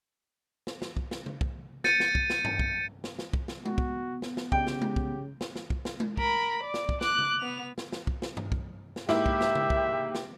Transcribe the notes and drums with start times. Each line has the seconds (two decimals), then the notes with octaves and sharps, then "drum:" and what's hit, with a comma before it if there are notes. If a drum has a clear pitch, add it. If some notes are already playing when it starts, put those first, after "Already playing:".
0.67 drum: snare
0.82 drum: snare
0.97 drum: kick
1.11 drum: snare
1.26 drum: tom C#3
1.41 drum: kick
1.84 G6 A6 C#7 D#7, drum: snare
2.00 drum: snare
2.15 drum: kick
2.30 drum: snare
2.45 drum: tom G2
2.59 drum: kick
3.04 drum: snare
3.19 drum: snare
3.33 drum: kick
3.48 drum: snare
3.66 B3 F#4, drum: tom G#3
3.78 drum: kick
4.22 drum: snare
4.37 drum: snare
4.52 C#3 G4 G5, drum: kick
4.67 drum: snare
4.82 drum: tom G#3
4.96 drum: kick
5.41 drum: snare
5.56 drum: snare
5.70 drum: kick
5.85 drum: snare
6.00 drum: tom G#3
6.17 A#4 B5, drum: kick
6.63 D5
6.74 drum: snare
6.89 drum: kick
7.01 D6 F#6, drum: snare
7.18 drum: tom C#3
7.40 B3 F7
7.78 drum: snare
7.92 drum: snare
8.07 drum: kick
8.22 drum: snare
8.37 drum: tom G2
8.52 drum: kick
8.96 drum: snare
9.09 G#2 A#3 E4 G4 E5 D6, drum: snare
9.26 drum: kick
9.41 drum: snare
9.55 drum: tom C#3
9.70 drum: kick
10.15 drum: snare